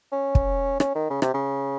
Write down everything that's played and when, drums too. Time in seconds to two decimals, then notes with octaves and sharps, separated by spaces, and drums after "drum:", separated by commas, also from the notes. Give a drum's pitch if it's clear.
0.12 C#4
0.35 drum: kick
0.80 C#4, drum: rim click
0.95 D#3
1.10 C#3
1.22 C3, drum: rim click
1.34 C#3